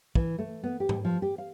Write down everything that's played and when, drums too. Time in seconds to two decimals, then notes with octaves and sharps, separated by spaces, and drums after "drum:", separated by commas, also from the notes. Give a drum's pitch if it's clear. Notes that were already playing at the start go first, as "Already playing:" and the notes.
0.15 E3, drum: kick
0.39 A3
0.63 B3
0.80 G4
0.89 drum: tom G#2
1.05 F3
1.22 G4
1.38 F5